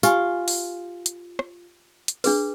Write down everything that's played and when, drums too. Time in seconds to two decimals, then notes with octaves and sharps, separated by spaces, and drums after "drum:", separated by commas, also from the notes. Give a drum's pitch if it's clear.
0.03 F4 G4 G#5, drum: tambourine
0.48 drum: open hi-hat
1.06 drum: hi-hat
1.39 drum: rim click
2.08 drum: hi-hat
2.24 D4 G#4 B4, drum: open hi-hat